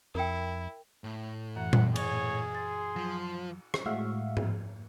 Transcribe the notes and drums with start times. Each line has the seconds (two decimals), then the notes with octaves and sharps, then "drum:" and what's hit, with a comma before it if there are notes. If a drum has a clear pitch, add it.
0.15 F2 E4 A#4 G5
1.04 A2
1.56 F#2 E3 F#5
1.73 drum: tom A#2
1.96 G#4 C#5, drum: cymbal
2.55 C6 A6
2.96 F3 F#3
3.74 drum: rim click
3.86 A2 G#3 F#4 E5 F5
4.37 drum: tom G#2